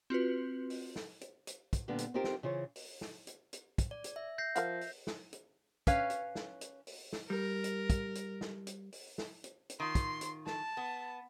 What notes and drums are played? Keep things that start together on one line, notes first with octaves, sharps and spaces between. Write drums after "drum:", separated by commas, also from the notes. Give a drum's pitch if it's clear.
C4 F4 F#4 B4
drum: open hi-hat
drum: snare
drum: hi-hat
drum: hi-hat
drum: kick, hi-hat
A#2 D3 G3 B3
drum: hi-hat
C4 D#4 F4 G4 A#4 C5
drum: snare
C#3 E3 F4 C5 C#5
drum: open hi-hat
drum: snare
drum: hi-hat
drum: hi-hat
drum: kick, hi-hat
D5
drum: hi-hat
E5
G6 A#6 C7
F3 A#4 F5 F#5, drum: hi-hat
drum: open hi-hat
drum: snare
drum: hi-hat
C#4 B4 C#5 F5, drum: kick, hi-hat
drum: hi-hat
drum: snare
drum: hi-hat
drum: open hi-hat
drum: snare
G3 A#4
drum: hi-hat
drum: kick, hi-hat
drum: hi-hat
drum: snare
drum: hi-hat
drum: open hi-hat
drum: snare
drum: hi-hat
drum: hi-hat
D#3 F4 C6
drum: kick, hi-hat
drum: hi-hat
A5, drum: snare
B3